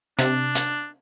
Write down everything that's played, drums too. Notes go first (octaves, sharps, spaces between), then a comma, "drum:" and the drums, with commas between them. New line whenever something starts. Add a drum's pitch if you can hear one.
C3 D4, drum: hi-hat
drum: hi-hat